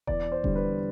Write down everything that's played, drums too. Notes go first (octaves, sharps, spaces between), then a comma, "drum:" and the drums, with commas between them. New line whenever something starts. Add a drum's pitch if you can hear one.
E2 D5, drum: kick E1
C5
D3 G3, drum: kick E1
B4